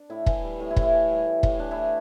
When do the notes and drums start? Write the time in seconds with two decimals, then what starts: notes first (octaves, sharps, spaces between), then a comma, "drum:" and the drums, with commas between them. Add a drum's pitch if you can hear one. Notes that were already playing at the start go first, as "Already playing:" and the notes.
Already playing: D4
0.10 A2 E4
0.26 E3, drum: kick
0.44 G3
0.60 A2
0.71 E4
0.76 A2, drum: kick
0.82 E4
0.93 E3
1.10 G3
1.26 A2
1.43 A2, drum: kick
1.59 E3 D4
1.71 A3 E4